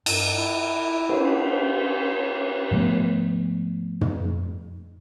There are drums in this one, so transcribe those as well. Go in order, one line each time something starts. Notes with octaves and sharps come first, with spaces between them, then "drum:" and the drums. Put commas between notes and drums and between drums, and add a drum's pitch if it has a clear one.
G2, drum: cymbal
E4
drum: cymbal
G#2 F3 A3 B3
drum: tom